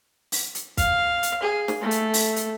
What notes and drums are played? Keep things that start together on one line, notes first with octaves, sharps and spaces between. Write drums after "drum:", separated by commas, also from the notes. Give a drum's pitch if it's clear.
drum: open hi-hat
drum: hi-hat
F5, drum: kick, hi-hat
drum: hi-hat
G#4
drum: snare
A3
drum: hi-hat
drum: open hi-hat
drum: hi-hat